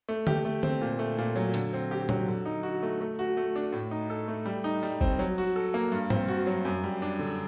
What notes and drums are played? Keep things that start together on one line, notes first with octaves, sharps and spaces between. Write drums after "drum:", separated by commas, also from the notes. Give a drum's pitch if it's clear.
A3
G4, drum: tom D3
A3
C4, drum: tom D3
A#2
A3
A#2
F#3
D3, drum: hi-hat
C4
G4
F#3, drum: tom
D3
D#4
F#4
A3
A3
F#4
A3
D4
A2
D#4
A4
A3
G3
D#4
G3
C4, drum: kick
F#3
F#4
A4
A#3
G2
C4, drum: tom G#2
F#4
F#3
F#2
G3
D4
D3